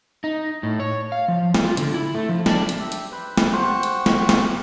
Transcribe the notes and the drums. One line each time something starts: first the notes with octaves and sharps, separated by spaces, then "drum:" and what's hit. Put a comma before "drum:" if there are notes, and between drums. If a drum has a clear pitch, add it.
D#4
A2
C#5
F5
F3
drum: snare
F4
D3, drum: hi-hat
E4
A3
F3
D4, drum: snare
drum: hi-hat
G4 E5
drum: hi-hat
B4 C5
drum: snare
G4 C5 F#5 C#6
drum: hi-hat
drum: snare
drum: snare